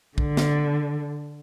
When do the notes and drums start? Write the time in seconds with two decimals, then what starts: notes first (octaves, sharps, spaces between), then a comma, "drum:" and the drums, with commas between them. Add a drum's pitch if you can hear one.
0.18 D3, drum: kick A#1
0.37 drum: snare